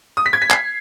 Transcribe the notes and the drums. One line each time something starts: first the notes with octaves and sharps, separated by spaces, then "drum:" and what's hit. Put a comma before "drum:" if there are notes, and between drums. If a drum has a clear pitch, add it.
D#6
B6
G#6
B6
C7, drum: clap